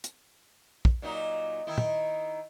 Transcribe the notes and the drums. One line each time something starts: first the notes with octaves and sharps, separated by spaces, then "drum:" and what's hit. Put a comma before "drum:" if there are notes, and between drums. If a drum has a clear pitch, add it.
drum: hi-hat
drum: kick
A#2 F#3 D#4
D#3 D#4 E4
drum: tom